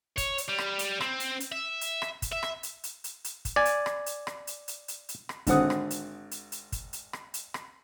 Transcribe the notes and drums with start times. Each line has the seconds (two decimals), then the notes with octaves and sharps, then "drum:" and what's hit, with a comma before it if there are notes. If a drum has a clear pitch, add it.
0.18 C#5, drum: kick, hi-hat
0.38 drum: hi-hat
0.49 G3
0.58 drum: rim click
0.79 drum: hi-hat
1.01 C4, drum: rim click
1.20 drum: hi-hat
1.40 drum: hi-hat
1.52 E5
1.81 drum: hi-hat
2.02 drum: rim click
2.22 drum: kick, hi-hat
2.32 E5
2.43 drum: rim click
2.63 drum: hi-hat
2.84 drum: hi-hat
3.04 drum: hi-hat
3.24 drum: hi-hat
3.45 drum: kick, hi-hat
3.56 D5 G#5
3.65 drum: hi-hat
3.86 drum: rim click
4.06 drum: hi-hat
4.27 drum: rim click
4.47 drum: hi-hat
4.68 drum: hi-hat
4.88 drum: hi-hat
5.09 drum: hi-hat
5.29 drum: rim click
5.47 G#1 D3 C4 F#5 D#6, drum: kick, hi-hat
5.70 drum: rim click
5.90 drum: hi-hat
6.31 drum: hi-hat
6.52 drum: hi-hat
6.72 drum: kick, hi-hat
6.93 drum: hi-hat
7.13 drum: rim click
7.34 drum: hi-hat
7.54 drum: rim click